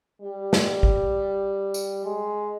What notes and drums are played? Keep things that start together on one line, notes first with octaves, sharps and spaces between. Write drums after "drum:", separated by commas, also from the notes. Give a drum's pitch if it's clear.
G3
drum: snare
drum: kick
drum: tambourine
G#3